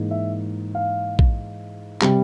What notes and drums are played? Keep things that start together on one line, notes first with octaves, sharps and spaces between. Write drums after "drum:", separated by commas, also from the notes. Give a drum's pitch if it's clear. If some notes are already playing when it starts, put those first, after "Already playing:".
Already playing: G#2 E3 A#3
E5
F5
drum: kick A#1
C3 G3, drum: clap